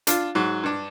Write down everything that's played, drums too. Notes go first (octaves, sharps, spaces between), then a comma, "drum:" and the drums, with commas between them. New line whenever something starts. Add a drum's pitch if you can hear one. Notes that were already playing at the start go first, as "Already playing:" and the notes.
D4 F4, drum: hi-hat
G#2 F#3
G2 D4